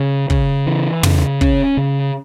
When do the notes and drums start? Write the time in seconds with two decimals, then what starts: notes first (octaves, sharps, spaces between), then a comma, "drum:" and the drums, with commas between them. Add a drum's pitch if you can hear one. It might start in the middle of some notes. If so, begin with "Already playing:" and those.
Already playing: C#3
0.30 C#3, drum: kick
0.66 E3
1.03 C#3, drum: tom
1.41 C#4, drum: kick
1.77 C#3